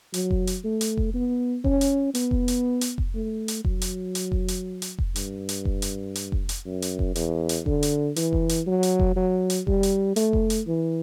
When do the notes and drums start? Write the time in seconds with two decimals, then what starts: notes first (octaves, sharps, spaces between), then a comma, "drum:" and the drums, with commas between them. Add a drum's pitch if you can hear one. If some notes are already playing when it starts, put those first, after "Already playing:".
0.14 F#3, drum: hi-hat
0.31 drum: kick F1
0.47 drum: hi-hat
0.64 A3
0.81 drum: hi-hat
0.97 drum: kick F1
1.14 B3
1.64 C#4, drum: kick F1
1.81 drum: hi-hat
2.15 B3, drum: hi-hat
2.31 drum: kick F1
2.48 drum: hi-hat
2.81 drum: hi-hat
2.98 drum: kick F1
3.15 A3
3.48 drum: hi-hat
3.65 F#3, drum: kick F1
3.82 drum: hi-hat
4.15 drum: hi-hat
4.32 drum: kick F1
4.48 drum: hi-hat
4.82 drum: hi-hat
4.98 drum: kick F1
5.16 G2, drum: hi-hat
5.49 drum: hi-hat
5.65 drum: kick F1
5.82 drum: hi-hat
6.15 drum: hi-hat
6.32 drum: kick F1
6.49 drum: hi-hat
6.66 F#2
6.82 drum: hi-hat
6.99 drum: kick F1
7.16 E2, drum: hi-hat
7.49 drum: hi-hat
7.66 D3, drum: kick F1
7.83 drum: hi-hat
8.16 E3, drum: hi-hat
8.33 drum: kick F1
8.49 drum: hi-hat
8.67 F#3
8.83 drum: hi-hat
9.00 drum: kick F1
9.16 F#3
9.50 drum: hi-hat
9.67 G3, drum: kick F1
9.83 drum: hi-hat
10.16 A3, drum: hi-hat
10.33 drum: kick F1
10.50 drum: hi-hat
10.67 E3